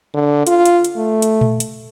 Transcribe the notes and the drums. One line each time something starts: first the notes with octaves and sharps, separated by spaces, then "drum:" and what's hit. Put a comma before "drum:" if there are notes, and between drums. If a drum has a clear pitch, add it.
D3
F4, drum: hi-hat
drum: hi-hat
drum: hi-hat
A3
drum: hi-hat
drum: tom A#2
drum: hi-hat